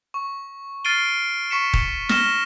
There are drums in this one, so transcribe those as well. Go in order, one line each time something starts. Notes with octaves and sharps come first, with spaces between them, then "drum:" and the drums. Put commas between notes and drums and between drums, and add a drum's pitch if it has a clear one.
C#6
F6 A6 C7 D7 D#7 G7
C#6 B6 C#7 E7
drum: kick D#1
F6 A#6 E7 G7, drum: snare